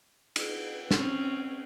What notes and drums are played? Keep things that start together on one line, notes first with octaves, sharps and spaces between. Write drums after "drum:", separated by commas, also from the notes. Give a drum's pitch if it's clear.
drum: cymbal
C4 C#4, drum: snare